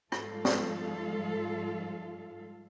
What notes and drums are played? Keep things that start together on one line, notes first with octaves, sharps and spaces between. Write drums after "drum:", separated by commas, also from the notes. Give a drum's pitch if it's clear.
G#2 F3 G3 F4 A4 F5, drum: rim click
drum: snare